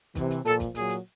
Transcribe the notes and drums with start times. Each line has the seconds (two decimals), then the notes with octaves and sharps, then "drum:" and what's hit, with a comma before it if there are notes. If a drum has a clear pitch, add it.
0.15 C3 E3, drum: kick, hi-hat
0.30 drum: hi-hat
0.45 A#2 F3 A4, drum: hi-hat
0.60 drum: kick, hi-hat
0.75 A#2 F#3 G#4, drum: hi-hat
0.89 drum: hi-hat